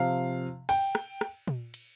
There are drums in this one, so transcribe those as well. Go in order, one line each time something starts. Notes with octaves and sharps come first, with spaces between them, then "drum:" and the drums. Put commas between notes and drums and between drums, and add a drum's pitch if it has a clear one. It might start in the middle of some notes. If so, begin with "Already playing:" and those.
Already playing: C3 F3 F5
G5, drum: cymbal
drum: rim click
drum: rim click
drum: tom A#2
drum: cymbal